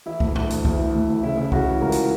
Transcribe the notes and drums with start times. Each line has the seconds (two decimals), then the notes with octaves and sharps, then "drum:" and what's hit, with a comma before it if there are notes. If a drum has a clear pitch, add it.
0.06 E3 E4
0.20 D2, drum: kick C2
0.35 D2, drum: tom G#2
0.50 D2, drum: hi-hat
0.65 D2, drum: kick C2
0.79 E3
0.95 D2
1.09 D2
1.23 C#3 E4
1.37 C#3
1.52 C#3 F#4, drum: kick C2
1.68 E3
1.81 C#2 A#4
1.92 drum: hi-hat